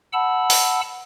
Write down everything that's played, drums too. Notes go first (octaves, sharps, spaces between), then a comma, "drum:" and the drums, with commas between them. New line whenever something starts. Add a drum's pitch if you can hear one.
F#5 A5 B5 E6
drum: open hi-hat